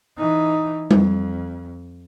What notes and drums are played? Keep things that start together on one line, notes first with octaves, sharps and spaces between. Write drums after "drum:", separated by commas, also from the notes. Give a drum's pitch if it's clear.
E3 D#4
F2, drum: tom G3